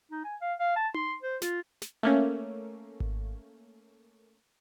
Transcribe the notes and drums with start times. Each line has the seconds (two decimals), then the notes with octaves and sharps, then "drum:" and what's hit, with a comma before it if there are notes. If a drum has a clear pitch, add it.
0.11 D#4
0.24 G#5
0.41 F5
0.59 F5
0.76 A5
0.94 C6, drum: tom D#4
1.22 C5
1.42 F4, drum: snare
1.82 drum: snare
2.03 A3 A#3 C#4
3.00 drum: kick G#1